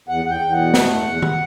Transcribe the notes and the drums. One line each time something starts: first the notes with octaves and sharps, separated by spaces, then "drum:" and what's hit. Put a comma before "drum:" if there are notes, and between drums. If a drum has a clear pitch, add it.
E2 F#5
E2 F#5
G5
E2
F#5
B2
A3, drum: snare
E2
E2
drum: tom D#3